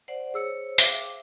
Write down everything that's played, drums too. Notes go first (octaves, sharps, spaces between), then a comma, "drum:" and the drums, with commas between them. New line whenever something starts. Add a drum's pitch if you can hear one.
C5 D5 F#5
G#4 C5 C#5 E6 C#7
C5 E5 F5 G5 D6, drum: hi-hat